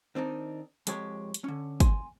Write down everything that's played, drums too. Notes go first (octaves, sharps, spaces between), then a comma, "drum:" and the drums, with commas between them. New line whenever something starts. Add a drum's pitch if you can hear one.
D#3 C4 D4 D#4
F2 G#3 G4 C#5, drum: hi-hat
drum: hi-hat
D3 C#4
G#5 C6, drum: kick, hi-hat